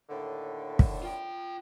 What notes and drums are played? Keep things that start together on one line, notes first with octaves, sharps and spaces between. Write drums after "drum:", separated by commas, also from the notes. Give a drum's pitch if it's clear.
D#2 A2 D3
drum: kick
F4 G5